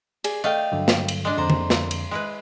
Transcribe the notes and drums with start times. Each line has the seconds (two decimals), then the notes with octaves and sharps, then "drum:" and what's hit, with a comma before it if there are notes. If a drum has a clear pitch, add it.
0.24 G#4 D5, drum: cymbal
0.44 A3 D#5 F5 G5
0.72 G2 D3 F#3
0.88 drum: snare
1.08 drum: cymbal
1.25 G#3 D4 D#5
1.37 F2 D3 C5 D5 A#5
1.50 drum: tom D3
1.70 drum: snare
1.91 drum: cymbal
2.11 G#3 E4 B4